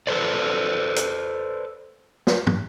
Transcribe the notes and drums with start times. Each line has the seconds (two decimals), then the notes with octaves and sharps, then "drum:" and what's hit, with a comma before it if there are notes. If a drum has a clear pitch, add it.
0.07 A4 B4 C5 D5
0.96 drum: hi-hat
2.27 drum: snare
2.47 drum: tom